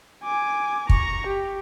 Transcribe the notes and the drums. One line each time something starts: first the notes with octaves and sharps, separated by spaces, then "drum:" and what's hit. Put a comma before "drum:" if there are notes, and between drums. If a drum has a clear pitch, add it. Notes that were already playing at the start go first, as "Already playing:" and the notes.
G#5 D6
A#5 C#6, drum: kick
G4